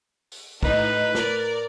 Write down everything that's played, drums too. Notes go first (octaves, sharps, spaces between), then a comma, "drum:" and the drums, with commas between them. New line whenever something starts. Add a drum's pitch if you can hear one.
drum: open hi-hat
A2 D#4 B4, drum: kick
A#4 D5, drum: snare